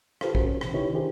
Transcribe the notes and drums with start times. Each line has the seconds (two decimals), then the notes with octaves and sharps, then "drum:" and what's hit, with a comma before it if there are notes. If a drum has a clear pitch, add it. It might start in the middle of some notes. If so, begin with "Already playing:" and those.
0.21 F4 G4 A4 B4 C5 F5, drum: rim click
0.35 C#4 F#4 G#4 A#4 C5, drum: kick
0.46 C#4
0.61 C2 B2 E3, drum: rim click
0.74 D#3 D#4 E4 G4 B4 C#5
0.93 D4 E4 G4 G#4 A#4 C5